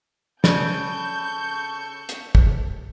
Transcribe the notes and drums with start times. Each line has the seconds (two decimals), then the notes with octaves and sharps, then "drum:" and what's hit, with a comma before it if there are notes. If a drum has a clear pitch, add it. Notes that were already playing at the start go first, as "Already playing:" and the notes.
0.44 C#3 A4 D5 C#6 G6, drum: snare
2.09 drum: hi-hat
2.35 drum: kick